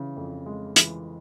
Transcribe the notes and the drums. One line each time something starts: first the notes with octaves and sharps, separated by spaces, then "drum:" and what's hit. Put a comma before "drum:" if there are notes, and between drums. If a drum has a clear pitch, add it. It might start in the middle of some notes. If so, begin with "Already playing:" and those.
Already playing: C#3 E3
F2
G#3
E3, drum: hi-hat